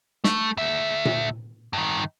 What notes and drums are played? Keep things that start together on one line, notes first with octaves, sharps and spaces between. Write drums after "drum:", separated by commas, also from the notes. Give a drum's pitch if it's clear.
A3, drum: snare
D2 E5
drum: tom A#2
G2 D#3